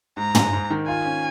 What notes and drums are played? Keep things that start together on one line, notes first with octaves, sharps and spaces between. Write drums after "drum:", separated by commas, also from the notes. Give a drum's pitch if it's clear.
G#2 A#5
G#3, drum: tom
G#2
D#3
F4 G#5
C#4